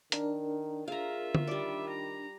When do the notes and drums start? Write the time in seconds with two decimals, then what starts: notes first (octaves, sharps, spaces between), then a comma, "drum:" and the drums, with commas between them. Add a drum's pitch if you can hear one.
0.12 D#3 D4 A#4, drum: hi-hat
0.88 F4 G#4 E5 F5 A#5
1.35 drum: tom D3
1.47 D#3 G3 D5
1.89 A#5